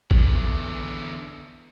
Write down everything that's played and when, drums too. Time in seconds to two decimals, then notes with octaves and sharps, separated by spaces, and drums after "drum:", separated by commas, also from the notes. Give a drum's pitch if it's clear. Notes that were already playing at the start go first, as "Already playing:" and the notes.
0.11 E2 D3, drum: kick